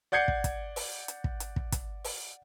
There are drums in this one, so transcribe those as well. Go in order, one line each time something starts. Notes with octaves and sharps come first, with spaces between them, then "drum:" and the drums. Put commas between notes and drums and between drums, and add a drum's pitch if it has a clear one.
D5 F#5 G6 G#6 C7 C#7
drum: kick
drum: kick, hi-hat
drum: open hi-hat
drum: hi-hat
drum: kick
drum: hi-hat
drum: kick
drum: kick, hi-hat
drum: open hi-hat